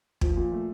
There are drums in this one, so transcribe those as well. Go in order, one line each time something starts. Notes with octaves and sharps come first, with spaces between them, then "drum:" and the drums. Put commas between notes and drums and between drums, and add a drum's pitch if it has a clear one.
F3, drum: kick
A#2
A3